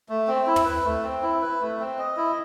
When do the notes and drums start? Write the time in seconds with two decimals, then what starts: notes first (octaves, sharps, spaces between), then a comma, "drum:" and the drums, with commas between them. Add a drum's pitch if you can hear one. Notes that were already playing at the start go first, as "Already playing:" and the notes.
0.09 A3
0.27 C4
0.47 E4
0.56 drum: tom
0.65 B4
0.84 A3
1.03 C4
1.22 E4
1.42 B4
1.61 A3
1.80 C4
1.99 D#5
2.17 E4